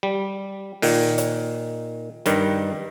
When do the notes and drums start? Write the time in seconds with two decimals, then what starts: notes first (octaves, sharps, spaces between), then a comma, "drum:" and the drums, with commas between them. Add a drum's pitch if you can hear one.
0.03 G3
0.82 A#2 D#3, drum: open hi-hat
1.18 drum: hi-hat
2.26 G2 D#3 G3, drum: hi-hat